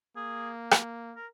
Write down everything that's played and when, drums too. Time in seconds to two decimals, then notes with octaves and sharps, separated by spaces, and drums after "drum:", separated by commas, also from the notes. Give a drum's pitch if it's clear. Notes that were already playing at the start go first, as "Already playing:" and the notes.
0.16 A#3 G#4
0.71 drum: rim click
1.16 A#4